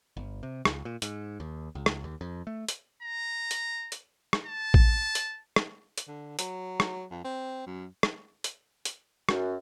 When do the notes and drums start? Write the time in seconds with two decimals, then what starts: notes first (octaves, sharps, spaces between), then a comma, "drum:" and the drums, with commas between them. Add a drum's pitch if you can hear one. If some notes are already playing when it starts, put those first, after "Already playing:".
0.17 G1
0.43 C3
0.65 C#2, drum: rim click
0.85 A#2
1.02 G#2, drum: hi-hat
1.40 D#2
1.75 C#2
1.86 drum: rim click
2.04 D#2
2.21 F2
2.47 A3
2.68 drum: hi-hat
3.03 A#5
3.51 drum: hi-hat
3.92 drum: hi-hat
4.33 drum: rim click
4.46 A5
4.74 drum: kick A1
5.15 drum: hi-hat
5.56 drum: rim click
5.98 drum: hi-hat
6.07 D3
6.39 F#3, drum: hi-hat
6.80 drum: rim click
7.11 F2
7.25 C4
7.66 F#2
8.03 drum: rim click
8.44 drum: hi-hat
8.85 drum: hi-hat
9.29 F#2, drum: rim click